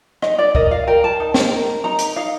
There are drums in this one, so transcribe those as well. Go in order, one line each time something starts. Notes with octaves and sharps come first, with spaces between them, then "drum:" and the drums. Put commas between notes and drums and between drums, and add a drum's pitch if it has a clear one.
D#4 D#5, drum: rim click
D5
A#4 D#5, drum: kick C#2
F5
A#4 G5
A5
D#4
drum: snare
A#4
D#4 A#5
drum: hi-hat
D#4 F5